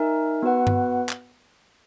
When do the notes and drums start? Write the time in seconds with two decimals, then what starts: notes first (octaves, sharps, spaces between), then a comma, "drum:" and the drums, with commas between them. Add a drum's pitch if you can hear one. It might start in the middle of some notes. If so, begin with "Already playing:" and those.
Already playing: D#4 A#4 E5 G#5
0.43 B3 F#4 B4 F#5
0.67 drum: tom G2
1.09 drum: clap